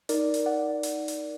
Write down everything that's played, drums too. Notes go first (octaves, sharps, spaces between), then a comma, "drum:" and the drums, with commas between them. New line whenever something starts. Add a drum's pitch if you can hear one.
D#4 A#4 D5, drum: hi-hat
drum: hi-hat
D5 F#5
drum: hi-hat
drum: hi-hat